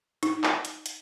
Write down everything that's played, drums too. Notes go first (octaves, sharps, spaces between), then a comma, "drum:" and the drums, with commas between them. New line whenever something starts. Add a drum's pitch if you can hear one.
D#4, drum: hi-hat
drum: clap
drum: hi-hat
drum: hi-hat